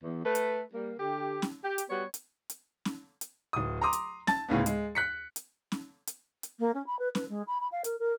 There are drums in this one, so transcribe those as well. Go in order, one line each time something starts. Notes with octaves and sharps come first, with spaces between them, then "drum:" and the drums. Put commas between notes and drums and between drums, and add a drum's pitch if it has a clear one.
E2
A3 B4
drum: hi-hat
G3 A#3
D3 G4
drum: snare C#4
G4
drum: hi-hat
G3 B3 F#4 C#5
drum: hi-hat
drum: hi-hat
drum: snare C#4
drum: hi-hat
D1 D#6
A#5 C6 D6 D#6
drum: hi-hat
A5 A6, drum: snare C#4
D2 A2 C#3 B3
G#3, drum: hi-hat
F#6 B6 C#7
drum: hi-hat
drum: snare C#4
drum: hi-hat
drum: hi-hat
A#3
C#4
B5
B4
B4, drum: snare C#4
G#3
B5
B5
F5
A#4, drum: hi-hat
A#4